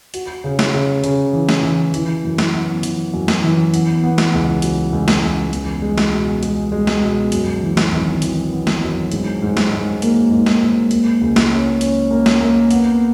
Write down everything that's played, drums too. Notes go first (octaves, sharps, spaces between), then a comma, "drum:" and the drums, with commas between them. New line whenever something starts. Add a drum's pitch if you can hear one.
F#4, drum: hi-hat
C#3
drum: snare
C#3
C#3, drum: hi-hat
E3
drum: snare
E3
E3, drum: hi-hat
F#2
drum: snare
B3
E3, drum: hi-hat
F#2
drum: snare
E3
B3, drum: hi-hat
B3
drum: snare
C#2
F#3, drum: hi-hat
C#2
drum: snare
C#2
E2, drum: hi-hat
G#3
drum: snare
B2
G#3, drum: hi-hat
G#3
drum: snare
B2
F#2, drum: hi-hat
E3
drum: snare
G#1
E3, drum: hi-hat
B3
drum: snare
F#2
G#2, drum: hi-hat
G#2
drum: snare
G#2
A#3, drum: hi-hat
G#2
drum: snare
G#2
A#3, drum: hi-hat
C#2
drum: snare
C#4
C#4, drum: hi-hat
A#3
drum: snare
A#3
B3, drum: hi-hat